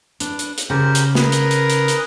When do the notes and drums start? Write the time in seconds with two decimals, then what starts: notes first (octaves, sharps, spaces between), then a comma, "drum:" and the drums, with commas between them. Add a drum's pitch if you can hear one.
0.20 D4 B4, drum: hi-hat
0.39 drum: hi-hat
0.58 drum: hi-hat
0.70 C#3 G4 A#4 C5
0.95 drum: hi-hat
1.15 G#4 A#4 B4, drum: snare
1.32 drum: hi-hat
1.51 drum: hi-hat
1.70 drum: hi-hat
1.88 drum: hi-hat